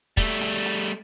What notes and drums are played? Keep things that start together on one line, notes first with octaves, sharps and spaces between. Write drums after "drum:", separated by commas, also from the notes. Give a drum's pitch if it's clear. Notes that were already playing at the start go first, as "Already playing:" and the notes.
G3 A3, drum: kick, hi-hat
drum: hi-hat
drum: hi-hat